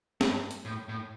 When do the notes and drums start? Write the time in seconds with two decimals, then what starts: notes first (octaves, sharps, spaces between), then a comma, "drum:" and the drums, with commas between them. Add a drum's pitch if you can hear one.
0.21 G2, drum: snare
0.51 drum: hi-hat
0.65 A2
0.89 A2